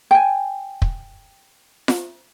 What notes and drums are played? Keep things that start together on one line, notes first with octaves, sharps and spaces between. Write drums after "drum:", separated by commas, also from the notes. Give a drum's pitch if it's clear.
G5 G#5
drum: kick
drum: snare F4